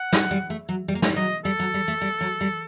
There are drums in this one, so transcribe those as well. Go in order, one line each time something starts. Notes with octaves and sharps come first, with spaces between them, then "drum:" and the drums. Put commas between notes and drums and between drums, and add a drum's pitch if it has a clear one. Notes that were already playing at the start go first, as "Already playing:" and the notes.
Already playing: F#5
A3, drum: snare
G3
A3
F#3
G3
A#3
A3, drum: snare
G3
F#3 D#5
G3 A4
F#3
G3
A3
G3
F#3
G3